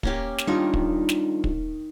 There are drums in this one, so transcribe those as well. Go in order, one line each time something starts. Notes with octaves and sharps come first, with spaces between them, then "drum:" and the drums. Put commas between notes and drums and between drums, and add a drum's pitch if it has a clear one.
A#3 C#4 G4, drum: kick
drum: snare
D#3 G3 D4 D#4 F4 C#6
drum: kick
drum: snare
drum: kick